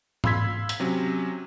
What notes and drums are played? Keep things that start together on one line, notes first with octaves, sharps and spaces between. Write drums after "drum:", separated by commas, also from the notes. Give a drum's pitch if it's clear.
F5 B5 C6 E6 G#6 B6, drum: tom G#2
drum: hi-hat
C3 F#3 C#4